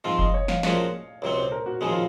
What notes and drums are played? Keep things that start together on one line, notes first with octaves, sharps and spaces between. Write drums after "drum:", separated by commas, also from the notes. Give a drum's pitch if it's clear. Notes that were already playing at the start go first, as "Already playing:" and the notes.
G#2 F3 C4 F4 F5
D#5, drum: kick F#1
C#5
F5, drum: snare
A#2 F3 G#3 C#4 F#4 C#5, drum: snare
C#2 C3 F#3 C4 C#5
C5
A#4
F#4
D#2 C#3 F3 G#3 G#4
F4